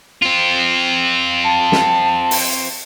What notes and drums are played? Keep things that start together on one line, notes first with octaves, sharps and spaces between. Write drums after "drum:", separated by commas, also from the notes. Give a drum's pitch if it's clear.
C4 F4
A5
drum: snare
drum: open hi-hat